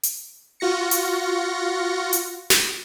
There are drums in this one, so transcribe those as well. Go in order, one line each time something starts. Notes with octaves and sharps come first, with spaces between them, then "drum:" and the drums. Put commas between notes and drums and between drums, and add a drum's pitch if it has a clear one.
drum: hi-hat
F4 F#4 A#6 C#7
drum: hi-hat
drum: hi-hat
drum: snare